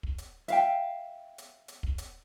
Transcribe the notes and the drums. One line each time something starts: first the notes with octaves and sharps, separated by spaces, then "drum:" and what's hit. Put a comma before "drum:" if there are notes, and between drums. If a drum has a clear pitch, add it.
drum: kick
drum: hi-hat
E5 F5 G5, drum: hi-hat
drum: hi-hat
drum: hi-hat
drum: kick
drum: hi-hat